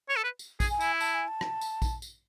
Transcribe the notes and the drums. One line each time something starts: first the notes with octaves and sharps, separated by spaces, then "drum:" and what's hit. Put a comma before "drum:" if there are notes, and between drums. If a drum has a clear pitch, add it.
C#5
A4
B4
drum: tambourine
G#4, drum: kick A#1, tambourine
G#5
E4, drum: tambourine
A5, drum: tambourine
G#5
A5
drum: rim click
drum: tambourine
drum: kick A#1, tambourine
drum: tambourine